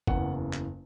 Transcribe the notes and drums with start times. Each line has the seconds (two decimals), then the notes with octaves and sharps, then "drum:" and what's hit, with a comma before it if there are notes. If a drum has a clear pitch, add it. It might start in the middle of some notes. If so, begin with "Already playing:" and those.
0.07 F#1 E2 C#3 F#5, drum: kick
0.53 drum: clap